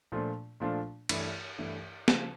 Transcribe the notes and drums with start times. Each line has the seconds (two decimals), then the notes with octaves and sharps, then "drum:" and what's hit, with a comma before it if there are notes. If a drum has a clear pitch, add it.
0.12 A#2 F3 A3 D4 F4
0.60 A#2 F3 A3 D4 F4
1.09 G2 E3 A3 E4, drum: cymbal
1.58 G2 E3 A3 E4
2.08 C#3 F3 A#3, drum: snare